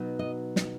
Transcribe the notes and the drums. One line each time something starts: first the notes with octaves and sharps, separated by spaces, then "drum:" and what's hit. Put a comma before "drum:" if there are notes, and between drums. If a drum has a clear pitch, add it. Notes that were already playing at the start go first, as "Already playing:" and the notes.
Already playing: B2 F#3 B3 D#4
D#5
drum: snare